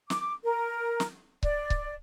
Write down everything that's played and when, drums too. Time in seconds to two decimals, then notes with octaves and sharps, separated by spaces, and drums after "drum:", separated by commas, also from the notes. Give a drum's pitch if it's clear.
0.10 D6, drum: snare
0.44 A#4
1.00 drum: snare
1.43 D5, drum: kick C#1
1.70 drum: kick C#1